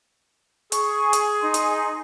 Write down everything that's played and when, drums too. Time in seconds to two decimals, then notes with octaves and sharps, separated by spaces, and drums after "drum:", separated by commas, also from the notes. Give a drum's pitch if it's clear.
0.72 G#4 C#6, drum: hi-hat
1.13 drum: hi-hat
1.41 D#4 C6
1.54 drum: hi-hat